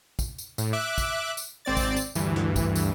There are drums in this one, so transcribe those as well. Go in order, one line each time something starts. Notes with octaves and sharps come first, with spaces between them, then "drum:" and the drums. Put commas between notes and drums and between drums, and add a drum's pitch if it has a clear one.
drum: kick, tambourine
drum: tambourine
A2, drum: tambourine
E5 D6 F#6
drum: kick, tambourine
drum: tambourine
G#1 C4 D5 A6
drum: kick, tambourine
drum: tambourine
D2 G2 E3, drum: tambourine
drum: snare
drum: kick, tambourine
drum: tambourine